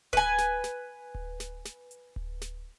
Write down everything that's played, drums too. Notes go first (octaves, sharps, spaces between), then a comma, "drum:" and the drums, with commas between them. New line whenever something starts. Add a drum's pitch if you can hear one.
B4 G#5, drum: kick D1
drum: snare
drum: snare
drum: kick D1
drum: snare
drum: snare
drum: hi-hat
drum: kick D1
drum: snare